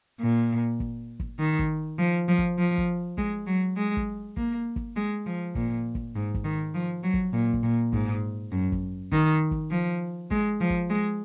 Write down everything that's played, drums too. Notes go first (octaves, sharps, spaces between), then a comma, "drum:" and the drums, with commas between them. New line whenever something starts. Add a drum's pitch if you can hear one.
A#2
drum: kick
drum: kick
D#3
drum: kick
F3
F3
drum: kick
F3
drum: kick
G#3, drum: kick
F#3
G#3
drum: kick
A#3, drum: kick
drum: kick
G#3
F3
A#2, drum: kick
drum: kick
G#2
drum: kick
D#3
F3
F#3
drum: kick
A#2
drum: kick
A#2
G#2, drum: kick
F#2
drum: kick
D#3, drum: kick
drum: kick
F3
G#3, drum: kick
F3
drum: kick
G#3